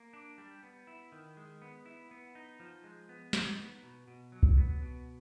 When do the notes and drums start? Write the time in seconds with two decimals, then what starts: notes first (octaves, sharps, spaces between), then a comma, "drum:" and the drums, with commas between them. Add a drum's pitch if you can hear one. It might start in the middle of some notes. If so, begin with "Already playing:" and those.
Already playing: A#3
0.13 D4
0.38 G3
0.63 B3
0.87 E4
1.12 D#3
1.37 G#3
1.62 B3
1.86 E4
2.11 B3
2.35 D#4
2.60 F3
2.84 G#3
3.09 B3
3.33 D#4, drum: snare
3.59 B3
3.83 B2
4.08 B2
4.32 F#3
4.43 drum: kick C2
4.57 B3
4.82 B2